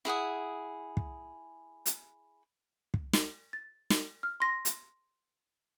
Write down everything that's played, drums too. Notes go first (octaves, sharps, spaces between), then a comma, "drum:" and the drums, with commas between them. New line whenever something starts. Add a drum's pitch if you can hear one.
E4 G#4 F#5 D#6
drum: kick
drum: hi-hat
drum: kick
drum: snare
A6
drum: snare
F6
C6 A#6
drum: hi-hat